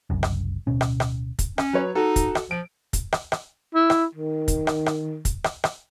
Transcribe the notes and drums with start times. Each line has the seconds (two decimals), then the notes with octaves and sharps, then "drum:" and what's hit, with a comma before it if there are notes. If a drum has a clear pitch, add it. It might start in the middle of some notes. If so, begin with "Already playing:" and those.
0.10 F#1 C2 F#2
0.23 drum: rim click
0.67 D1 B2 C#4
0.81 drum: rim click
1.00 drum: rim click
1.39 drum: kick, hi-hat
1.58 C#4, drum: rim click
1.73 F#3 B4 C#5
1.95 D#4 F#4 A4
2.16 drum: kick, hi-hat
2.35 drum: rim click
2.51 F3 D7
2.93 drum: kick, hi-hat
3.12 drum: rim click
3.32 drum: rim click
3.74 E4
3.90 drum: rim click
4.15 D#3
4.48 drum: kick, hi-hat
4.67 drum: rim click
4.86 drum: rim click
5.25 drum: kick, hi-hat
5.44 drum: rim click
5.64 drum: rim click